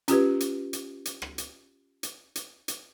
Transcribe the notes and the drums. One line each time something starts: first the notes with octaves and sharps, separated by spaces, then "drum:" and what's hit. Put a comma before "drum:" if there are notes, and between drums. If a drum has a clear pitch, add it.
C#4 F4 G4 B4, drum: hi-hat
drum: hi-hat
drum: hi-hat
drum: hi-hat
drum: rim click
drum: hi-hat
drum: hi-hat
drum: hi-hat
drum: hi-hat